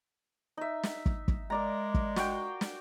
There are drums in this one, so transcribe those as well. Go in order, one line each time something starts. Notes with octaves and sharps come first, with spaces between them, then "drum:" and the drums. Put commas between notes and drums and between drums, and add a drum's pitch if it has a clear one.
D#4 E5
drum: snare
drum: kick
drum: kick
G#3 A#4 D5 A#5
drum: kick
F#4 F5 G5, drum: snare
drum: snare